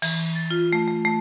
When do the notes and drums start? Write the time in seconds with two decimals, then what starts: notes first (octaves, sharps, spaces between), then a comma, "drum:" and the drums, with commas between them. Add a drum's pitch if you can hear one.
0.02 E3, drum: cymbal
0.35 A6
0.51 F4
0.72 A3
0.88 A3
1.05 A3